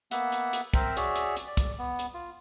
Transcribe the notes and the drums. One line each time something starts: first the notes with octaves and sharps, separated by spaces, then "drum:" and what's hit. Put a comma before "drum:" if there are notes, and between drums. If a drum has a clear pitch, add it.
A#3 B3 E5 F#5, drum: hi-hat
drum: hi-hat
drum: hi-hat
C4 A#4 C5 E5 A#5, drum: kick, hi-hat
F#4 G#4 C#5 D5 E5, drum: hi-hat
drum: hi-hat
drum: hi-hat
D5
drum: kick, hi-hat
B3
drum: hi-hat
F4